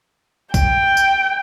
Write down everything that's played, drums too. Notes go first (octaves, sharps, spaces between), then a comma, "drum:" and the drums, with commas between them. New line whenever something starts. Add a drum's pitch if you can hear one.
G5, drum: kick, tambourine
drum: tambourine